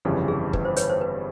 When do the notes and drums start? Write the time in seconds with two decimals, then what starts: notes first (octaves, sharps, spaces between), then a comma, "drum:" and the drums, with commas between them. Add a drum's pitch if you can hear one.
0.05 G1 F2 C#3 E3 G3 A4
0.28 G#4
0.53 B4, drum: kick
0.65 C5
0.76 B4 C#5, drum: hi-hat
0.89 C5
1.01 B4